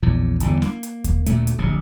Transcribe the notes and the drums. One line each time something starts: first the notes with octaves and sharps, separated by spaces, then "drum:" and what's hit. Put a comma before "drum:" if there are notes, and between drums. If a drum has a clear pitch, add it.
A#1 E2 A2
G1 E2 C#3, drum: hi-hat
A#3, drum: snare
drum: hi-hat
drum: kick D#2, hi-hat
D2 A#2 A3, drum: hi-hat
drum: hi-hat
D1 A#1 C3